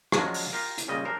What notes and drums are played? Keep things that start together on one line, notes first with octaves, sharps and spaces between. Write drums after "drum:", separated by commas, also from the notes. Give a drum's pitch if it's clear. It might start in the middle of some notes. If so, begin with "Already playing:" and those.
F3 F#3 G#3 C#4 D4, drum: rim click
drum: open hi-hat
F4 G4 A#4
drum: hi-hat
A#2 C#3 G3 D#5
D4 A#4 C5